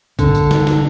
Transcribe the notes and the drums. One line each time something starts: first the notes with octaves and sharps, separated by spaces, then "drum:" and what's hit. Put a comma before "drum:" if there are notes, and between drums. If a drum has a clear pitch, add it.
D3, drum: kick A#1, tambourine
drum: tambourine
drum: snare
drum: snare